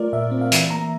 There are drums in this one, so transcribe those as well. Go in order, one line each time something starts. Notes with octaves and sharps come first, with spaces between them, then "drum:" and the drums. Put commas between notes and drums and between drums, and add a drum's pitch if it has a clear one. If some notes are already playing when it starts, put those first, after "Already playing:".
Already playing: A3 F4 A#4 D5
A#2 E5
C4
F5
E3 E5, drum: hi-hat
A#3 A#5